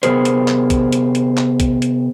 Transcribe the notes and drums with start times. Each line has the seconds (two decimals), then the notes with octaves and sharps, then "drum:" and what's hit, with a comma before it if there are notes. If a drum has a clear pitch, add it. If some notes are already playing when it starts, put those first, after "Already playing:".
0.03 C3 B3 G#4 A#4 C5, drum: hi-hat
0.25 drum: hi-hat
0.48 drum: clap
0.70 drum: kick, hi-hat
0.92 drum: hi-hat
1.15 drum: hi-hat
1.37 drum: clap
1.60 drum: kick, hi-hat
1.82 drum: hi-hat